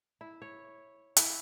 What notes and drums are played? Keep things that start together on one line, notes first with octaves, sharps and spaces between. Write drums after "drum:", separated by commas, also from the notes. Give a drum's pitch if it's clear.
E4
C#5
E4, drum: hi-hat